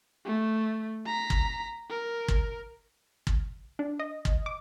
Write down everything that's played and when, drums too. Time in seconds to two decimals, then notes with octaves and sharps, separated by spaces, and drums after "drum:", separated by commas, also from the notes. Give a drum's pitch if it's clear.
0.25 A3
1.06 A#5 B6
1.30 drum: kick
1.89 A#4
2.28 drum: kick
3.27 drum: kick
3.79 D4
3.99 D#5
4.25 drum: kick
4.46 D6